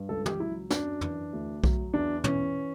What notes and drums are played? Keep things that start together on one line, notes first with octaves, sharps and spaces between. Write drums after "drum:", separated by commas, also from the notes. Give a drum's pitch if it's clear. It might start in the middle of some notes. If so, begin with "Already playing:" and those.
Already playing: G2
C#2 A4
G4, drum: tom
F#3 E4
F#2 D4, drum: snare
E3, drum: tom
D2
F#3, drum: kick B1
E2 D4
E3 C#4, drum: tom